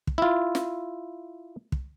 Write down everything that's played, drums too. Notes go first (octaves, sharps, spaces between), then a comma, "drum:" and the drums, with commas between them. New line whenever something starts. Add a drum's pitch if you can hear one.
drum: kick
E4 F4
drum: snare
drum: kick